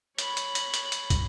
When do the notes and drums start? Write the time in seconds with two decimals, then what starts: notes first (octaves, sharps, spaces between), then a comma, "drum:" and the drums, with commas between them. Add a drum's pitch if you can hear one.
0.19 C#5 B5, drum: hi-hat
0.37 drum: hi-hat
0.55 drum: hi-hat
0.74 drum: hi-hat
0.92 drum: hi-hat
1.10 drum: kick, hi-hat